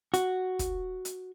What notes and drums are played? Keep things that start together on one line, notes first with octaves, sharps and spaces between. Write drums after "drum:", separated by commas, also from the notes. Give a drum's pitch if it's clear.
F#4, drum: hi-hat
drum: kick, hi-hat
drum: hi-hat